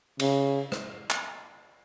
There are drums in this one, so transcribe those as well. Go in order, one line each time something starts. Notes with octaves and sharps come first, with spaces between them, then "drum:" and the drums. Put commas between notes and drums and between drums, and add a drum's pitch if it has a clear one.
C#3, drum: cymbal
drum: rim click
drum: clap